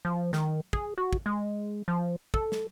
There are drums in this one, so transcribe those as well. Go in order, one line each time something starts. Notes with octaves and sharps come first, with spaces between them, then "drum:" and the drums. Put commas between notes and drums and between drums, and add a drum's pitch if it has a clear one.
F3
D#3, drum: snare
G#4, drum: kick
F#4
drum: kick
G#3
F3
A4, drum: kick
drum: snare